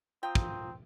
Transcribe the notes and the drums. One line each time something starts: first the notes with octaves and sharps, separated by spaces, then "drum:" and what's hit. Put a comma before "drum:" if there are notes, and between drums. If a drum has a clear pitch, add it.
C4 F4 G5 A#5 D#6
drum: kick